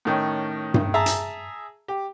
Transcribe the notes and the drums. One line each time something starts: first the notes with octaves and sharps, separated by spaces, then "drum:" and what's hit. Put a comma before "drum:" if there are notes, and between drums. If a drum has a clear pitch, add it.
A2 D#3 C#4
drum: tom G2
G#4 E5 A5 A#5
drum: hi-hat
G4